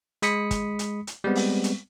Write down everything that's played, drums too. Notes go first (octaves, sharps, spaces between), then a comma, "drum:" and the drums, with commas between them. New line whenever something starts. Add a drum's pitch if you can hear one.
G#3 B5 D#6 B6 C#7, drum: hi-hat
drum: kick, hi-hat
drum: hi-hat
drum: hi-hat
G3 G#3 B3 C4
drum: open hi-hat
drum: hi-hat